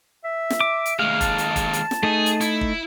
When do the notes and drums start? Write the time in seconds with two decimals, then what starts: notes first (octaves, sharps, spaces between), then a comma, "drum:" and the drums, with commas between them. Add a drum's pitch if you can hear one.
0.25 E5
0.50 drum: snare
0.61 D6
0.86 drum: hi-hat
0.99 D#2 G#3 A3 F5
1.21 A5, drum: kick, hi-hat
1.38 drum: hi-hat
1.56 drum: kick, hi-hat
1.73 drum: hi-hat
1.91 drum: snare
2.03 A3 D#4 G#4
2.26 drum: hi-hat
2.41 E4, drum: hi-hat
2.61 drum: kick